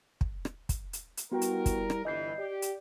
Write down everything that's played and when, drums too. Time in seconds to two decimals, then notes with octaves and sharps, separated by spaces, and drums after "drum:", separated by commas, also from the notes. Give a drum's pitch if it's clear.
0.21 drum: kick
0.45 drum: rim click
0.69 drum: kick, hi-hat
0.93 drum: hi-hat
1.17 drum: hi-hat
1.32 G3 B3 E4 F#4 A#4 G5
1.41 drum: hi-hat
1.66 drum: kick, hi-hat
1.90 drum: rim click
2.05 G1 E3 D#5 G6 C7
2.38 G4 D5
2.62 drum: hi-hat